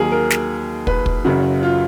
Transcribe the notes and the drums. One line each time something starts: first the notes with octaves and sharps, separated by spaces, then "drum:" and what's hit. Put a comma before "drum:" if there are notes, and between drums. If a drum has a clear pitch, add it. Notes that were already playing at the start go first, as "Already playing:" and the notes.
Already playing: D#2 D#3 F#3 A#3 G#4 A#4
A#4
drum: snare
B4, drum: kick
drum: kick
F#1 F#2 C#3 F#4
F4